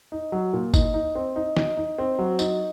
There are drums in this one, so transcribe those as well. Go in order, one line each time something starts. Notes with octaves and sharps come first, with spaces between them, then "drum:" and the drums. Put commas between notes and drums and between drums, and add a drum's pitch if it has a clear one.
D#4
F#3
A#2
D#4, drum: kick G1, tambourine
D#4
C4
D#4
D#4, drum: snare
D#4
C4
F#3
D#4, drum: tambourine